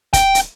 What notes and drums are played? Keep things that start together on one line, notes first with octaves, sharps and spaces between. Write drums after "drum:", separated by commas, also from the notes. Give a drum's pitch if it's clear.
G5, drum: kick, hi-hat
drum: hi-hat